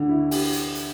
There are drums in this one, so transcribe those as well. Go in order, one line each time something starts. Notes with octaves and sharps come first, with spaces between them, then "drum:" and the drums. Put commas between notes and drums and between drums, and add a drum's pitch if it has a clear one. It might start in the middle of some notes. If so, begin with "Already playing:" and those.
Already playing: D2 D3
E4
G4, drum: open hi-hat
drum: hi-hat
drum: hi-hat